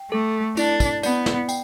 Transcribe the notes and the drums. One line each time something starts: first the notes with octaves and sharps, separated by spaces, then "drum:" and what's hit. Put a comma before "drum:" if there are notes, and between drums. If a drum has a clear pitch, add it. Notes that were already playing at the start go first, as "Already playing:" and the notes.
Already playing: G5
A3 A4
D4 E4, drum: tambourine
drum: kick, tambourine
B3 D5, drum: tambourine
drum: snare
G5, drum: tambourine